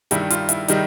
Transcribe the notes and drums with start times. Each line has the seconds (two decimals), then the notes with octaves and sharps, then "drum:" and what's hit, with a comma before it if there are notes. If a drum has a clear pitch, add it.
0.11 G2 D#3 G3 E4, drum: hi-hat
0.30 F4, drum: hi-hat
0.49 E4, drum: hi-hat
0.68 D#3 G3 D#4, drum: hi-hat